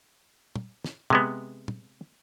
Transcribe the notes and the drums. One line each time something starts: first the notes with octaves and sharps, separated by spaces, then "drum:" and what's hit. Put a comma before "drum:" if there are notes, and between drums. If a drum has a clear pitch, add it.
drum: tom
drum: snare
C3 G#3 B3, drum: tom
drum: tom